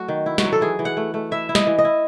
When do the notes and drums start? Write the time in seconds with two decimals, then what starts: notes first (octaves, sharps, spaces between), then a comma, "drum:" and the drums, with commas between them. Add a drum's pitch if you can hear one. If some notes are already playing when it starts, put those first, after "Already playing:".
Already playing: F#3 A3 F#4
0.08 D#3
0.26 E4
0.38 F#4, drum: snare
0.44 F#3
0.53 A4
0.61 E3 G#4
0.79 E3
0.85 F#5
0.97 A3
1.14 A3
1.31 E4 E5
1.49 E4
1.55 D#5, drum: snare
1.67 E3
1.79 D#5
1.85 E4